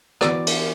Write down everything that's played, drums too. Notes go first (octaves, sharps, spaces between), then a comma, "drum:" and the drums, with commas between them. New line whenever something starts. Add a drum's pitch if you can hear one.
E3 B3 F#4 B4 D5, drum: rim click
drum: cymbal